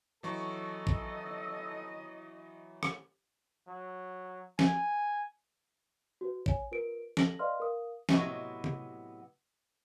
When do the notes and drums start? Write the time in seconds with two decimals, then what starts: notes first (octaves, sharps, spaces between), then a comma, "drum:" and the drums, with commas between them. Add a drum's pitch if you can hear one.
0.23 E3 F#3 A4 D#5 C#6
0.87 drum: kick A1
2.83 drum: rim click
3.68 F#3
4.59 G#5, drum: snare
6.21 F#4 B4
6.46 C#5 G#5, drum: kick A1
6.71 F4 A#4 B4 D7
7.17 A4 A5 A#6 F#7, drum: snare
7.39 B4 D5 D#5 F5 C6 F6
7.60 A#4 F5 D#6
8.09 A2 C3 F#3 B3 D#5, drum: snare
8.64 drum: tom C3